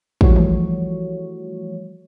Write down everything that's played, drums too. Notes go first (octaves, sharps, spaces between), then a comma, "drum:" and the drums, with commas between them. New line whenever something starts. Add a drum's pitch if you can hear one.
E3 F3 G3 A3 F#4 C#5, drum: kick
drum: tom